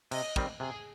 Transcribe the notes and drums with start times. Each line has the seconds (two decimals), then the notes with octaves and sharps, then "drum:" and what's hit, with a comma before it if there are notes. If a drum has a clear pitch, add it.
0.11 C3 D#5, drum: cymbal
0.36 D#3 G3 C4, drum: kick
0.60 C3 G#4